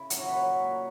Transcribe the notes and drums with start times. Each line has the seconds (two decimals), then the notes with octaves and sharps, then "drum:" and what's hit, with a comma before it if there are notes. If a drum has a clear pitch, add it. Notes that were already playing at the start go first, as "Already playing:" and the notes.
Already playing: C#3 E4
0.10 F#3 F#4, drum: hi-hat
0.19 C#5
0.28 A#2 B4
0.37 C#5
0.46 F#3
0.63 A#2